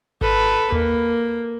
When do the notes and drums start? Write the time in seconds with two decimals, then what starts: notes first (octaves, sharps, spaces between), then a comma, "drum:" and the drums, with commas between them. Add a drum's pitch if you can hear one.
0.21 A4 B4, drum: kick G#1
0.72 A#3, drum: tom D#2